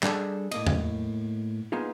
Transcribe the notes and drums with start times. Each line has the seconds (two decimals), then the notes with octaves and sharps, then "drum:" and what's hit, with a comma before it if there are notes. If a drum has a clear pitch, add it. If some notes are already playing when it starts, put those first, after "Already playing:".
0.03 G3 D4 G#4 A4, drum: clap
0.51 A2 A#3 D#5, drum: cymbal
0.67 drum: tom E2
1.72 A#3 B3 D#4 F4 G#4